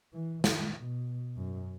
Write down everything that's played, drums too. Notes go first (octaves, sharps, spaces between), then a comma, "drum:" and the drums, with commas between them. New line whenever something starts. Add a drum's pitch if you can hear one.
E3
D#3, drum: snare
B2
F#2